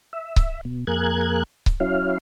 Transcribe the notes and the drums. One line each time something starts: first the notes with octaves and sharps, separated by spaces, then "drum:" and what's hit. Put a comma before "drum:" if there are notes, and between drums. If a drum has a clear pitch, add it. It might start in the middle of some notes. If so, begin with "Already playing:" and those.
E5
drum: kick C#1
B2
F2 A#3 G#4 A#4 F#6 G#6
drum: kick C#1
F#3 C#4 E4 F5